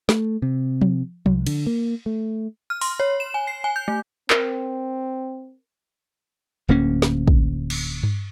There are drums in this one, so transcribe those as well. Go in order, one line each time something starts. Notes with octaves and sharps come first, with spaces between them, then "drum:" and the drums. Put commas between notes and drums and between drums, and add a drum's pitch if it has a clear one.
A3, drum: snare
C3
drum: tom F3
C2, drum: tom F3
D3, drum: cymbal
A#3
A3
F6
C6, drum: open hi-hat
C#5
E7
G#5
C7
G#5
G6
A3
C4 A#4, drum: clap
D1 D2 A#3 C#4
drum: snare
drum: kick
drum: cymbal
drum: tom G2